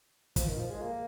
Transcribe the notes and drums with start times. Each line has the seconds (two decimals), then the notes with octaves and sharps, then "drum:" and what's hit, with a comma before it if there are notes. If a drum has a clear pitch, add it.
0.36 F3, drum: kick, hi-hat
0.47 D#3
0.59 F3
0.70 G#3
0.81 A#3